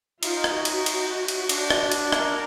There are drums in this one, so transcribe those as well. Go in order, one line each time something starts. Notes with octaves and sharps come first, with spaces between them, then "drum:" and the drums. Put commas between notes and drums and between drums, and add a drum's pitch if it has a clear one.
D#4 F4, drum: cymbal
drum: rim click
F#4
drum: cymbal
drum: cymbal
drum: cymbal
D4, drum: cymbal
drum: rim click
drum: cymbal
A#4, drum: rim click